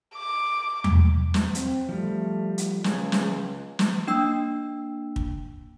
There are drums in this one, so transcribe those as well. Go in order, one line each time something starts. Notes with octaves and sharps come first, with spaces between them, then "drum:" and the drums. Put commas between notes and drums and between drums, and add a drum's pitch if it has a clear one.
D6
drum: tom E2
drum: snare
C4, drum: hi-hat
F3 G3 A3
drum: hi-hat
C#2 G#4, drum: snare
drum: snare
drum: snare
A#3 D4 G5 E6
drum: kick